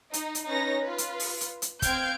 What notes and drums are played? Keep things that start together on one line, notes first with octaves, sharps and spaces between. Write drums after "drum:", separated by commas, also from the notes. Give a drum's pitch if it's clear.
D#4 D#5, drum: hi-hat
drum: hi-hat
C#4 D#4 B4 C#5 A#6
F4 B4
drum: hi-hat
drum: open hi-hat
drum: hi-hat
drum: hi-hat
C4 F5 G5 G6 G#6 D7, drum: kick, hi-hat